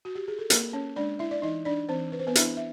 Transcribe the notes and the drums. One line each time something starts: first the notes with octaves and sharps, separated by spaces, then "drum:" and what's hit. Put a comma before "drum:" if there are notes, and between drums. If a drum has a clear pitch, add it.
F#4
G4
G#4
A4
A#3 C4 A#4, drum: hi-hat
C#4 C#5
G#3 D4 D5
E4 E5
D5
E3 D#4 D#5
D4 D5
E3 C4 C5
B4
C5
B3 B4
D4 E4 E5, drum: hi-hat
E5